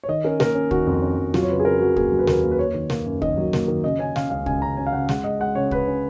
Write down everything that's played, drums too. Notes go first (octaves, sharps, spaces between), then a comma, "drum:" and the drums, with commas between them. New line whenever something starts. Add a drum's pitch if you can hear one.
C#5
D#3 D#5
C#4 A#4
A#3 A#4, drum: snare
C#4
D#3 F#4, drum: kick
F2
C#4
F2
F#3 F4, drum: snare
C#5
C#3 B4
G#4
C#3 A#4
F#3 F#4
A#3 G#4, drum: kick
F#3
B4
D#2 A#4, drum: snare
A#3
B4
A#3 C#5
D#3
A#3, drum: snare
F#2
D#3 D#5, drum: kick
F#3
A#3, drum: snare
D#3
C#3 D#5
C#4 G#5
C#3 F5, drum: snare
C#2 F5
C#2 G#5, drum: kick
C#3 A#5
C#4 G#5
F5
C#3 F#5
G#3 F#5, drum: snare
G#3 D#5
G#3 F#5
C#3 C#5
C#3 B4, drum: kick
C#4